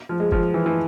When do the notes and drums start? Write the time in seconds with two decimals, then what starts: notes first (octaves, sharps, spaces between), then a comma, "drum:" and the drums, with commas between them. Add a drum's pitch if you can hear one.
0.09 F3
0.20 G#3
0.32 F3, drum: kick
0.54 E3
0.66 E3